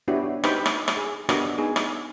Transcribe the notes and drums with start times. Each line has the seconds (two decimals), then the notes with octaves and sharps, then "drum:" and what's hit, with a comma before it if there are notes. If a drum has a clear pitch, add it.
0.08 B3 D4 E4 F#4 G4 C#5
0.44 D#4 G4 B4 C5 G5 B5, drum: rim click
0.66 drum: rim click
0.88 drum: rim click
0.97 G#4
1.29 B3 D4 F#4 G4 A#4 D#5, drum: rim click
1.58 B3 D#4 G#4
1.76 drum: rim click